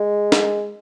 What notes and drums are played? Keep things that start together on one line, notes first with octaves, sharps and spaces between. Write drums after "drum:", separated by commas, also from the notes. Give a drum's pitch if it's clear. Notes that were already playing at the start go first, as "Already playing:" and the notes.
Already playing: G#3
drum: snare